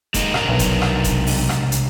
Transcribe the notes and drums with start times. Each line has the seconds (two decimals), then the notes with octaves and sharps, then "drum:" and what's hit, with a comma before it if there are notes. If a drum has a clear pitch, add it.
0.14 G#3 A#3 D#4, drum: kick E1, hi-hat
0.34 C3 D4 A#4, drum: rim click
0.49 B1
0.59 drum: kick E1, hi-hat
0.82 drum: rim click
1.04 drum: kick E1, hi-hat
1.27 drum: open hi-hat
1.49 drum: rim click
1.72 drum: hi-hat